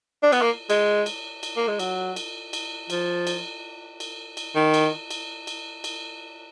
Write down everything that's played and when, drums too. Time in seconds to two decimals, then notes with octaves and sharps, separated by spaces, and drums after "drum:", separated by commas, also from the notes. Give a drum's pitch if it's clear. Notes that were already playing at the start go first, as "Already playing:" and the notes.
0.23 D4
0.32 B3, drum: cymbal
0.42 A#3
0.70 G#3, drum: cymbal
1.06 drum: cymbal
1.43 drum: cymbal
1.57 A#3
1.68 G#3
1.79 F#3, drum: cymbal
2.16 drum: cymbal
2.53 drum: cymbal
2.90 F3, drum: cymbal
3.27 drum: cymbal
4.00 drum: cymbal
4.37 drum: cymbal
4.55 D#3
4.74 drum: cymbal
5.11 drum: cymbal
5.47 drum: cymbal
5.84 drum: cymbal